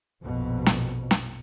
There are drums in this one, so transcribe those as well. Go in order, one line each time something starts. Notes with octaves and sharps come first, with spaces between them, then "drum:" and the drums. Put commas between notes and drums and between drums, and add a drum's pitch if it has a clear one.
A#1 F2 B2
drum: snare
drum: snare